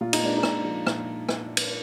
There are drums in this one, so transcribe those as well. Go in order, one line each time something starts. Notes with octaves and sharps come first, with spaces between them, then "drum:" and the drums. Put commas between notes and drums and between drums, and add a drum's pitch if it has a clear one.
A#2 F4
D#4, drum: cymbal
G#3 D4
D#4
A#2, drum: rim click
F3
A#2, drum: rim click
drum: rim click
drum: cymbal